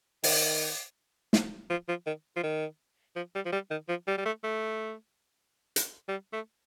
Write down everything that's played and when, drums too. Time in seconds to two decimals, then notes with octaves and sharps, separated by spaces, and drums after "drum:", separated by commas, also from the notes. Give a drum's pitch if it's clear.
0.24 D#3, drum: open hi-hat
1.33 drum: snare
1.70 F3
1.88 F3
2.06 D#3
2.36 F3
2.43 D#3
3.16 F3
3.35 G3
3.45 F3
3.52 G3
3.71 D#3
3.89 F3
4.08 G3
4.18 G3
4.25 A3
4.44 A3
5.76 drum: hi-hat
6.08 G3
6.33 A3